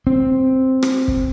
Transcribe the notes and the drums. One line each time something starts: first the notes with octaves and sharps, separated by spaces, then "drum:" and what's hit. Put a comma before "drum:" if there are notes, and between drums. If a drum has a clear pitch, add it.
C4
drum: rim click
drum: kick